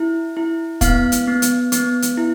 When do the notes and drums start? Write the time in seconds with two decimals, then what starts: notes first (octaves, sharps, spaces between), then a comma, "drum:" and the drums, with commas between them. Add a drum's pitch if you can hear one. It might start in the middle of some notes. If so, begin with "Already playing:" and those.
Already playing: E4
0.37 E4
0.81 B3 F5, drum: kick, hi-hat
1.12 drum: hi-hat
1.27 B3
1.42 drum: hi-hat
1.72 B3, drum: hi-hat
2.02 drum: hi-hat
2.18 E4